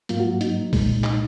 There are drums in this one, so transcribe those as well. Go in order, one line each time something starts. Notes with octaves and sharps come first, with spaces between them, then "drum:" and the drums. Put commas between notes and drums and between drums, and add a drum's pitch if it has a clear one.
G#2 F#3 A#3 F4, drum: hi-hat
F#4
F#4
D#4, drum: hi-hat
C2 A#2 G#3, drum: kick B1, open hi-hat
D#4, drum: clap